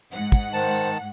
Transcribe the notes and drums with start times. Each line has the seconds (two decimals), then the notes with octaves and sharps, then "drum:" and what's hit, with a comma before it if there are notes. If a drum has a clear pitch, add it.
0.11 G#2 F#5
0.32 drum: kick, tambourine
0.53 D#3 C5 A5
0.75 drum: tambourine